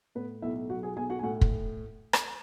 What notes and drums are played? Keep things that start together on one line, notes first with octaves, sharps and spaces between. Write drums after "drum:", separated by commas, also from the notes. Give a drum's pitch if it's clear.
A2 B3 B4
B1 E4 E5
F#3 F#4 F#5
G#4 G#5
B1 G#4 G#5
F#4 F#5
G#5
A2 F#4 F#5
drum: kick
drum: rim click